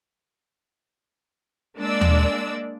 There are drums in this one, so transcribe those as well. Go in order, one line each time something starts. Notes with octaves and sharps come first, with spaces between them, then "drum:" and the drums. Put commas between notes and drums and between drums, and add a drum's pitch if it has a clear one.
G#3 A#3 D4 D5 E6
drum: tom D#2